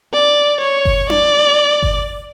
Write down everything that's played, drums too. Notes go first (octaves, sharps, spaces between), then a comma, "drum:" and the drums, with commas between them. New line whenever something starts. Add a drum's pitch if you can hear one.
D5
C#5
drum: kick G1
D5, drum: tom D4
drum: kick G1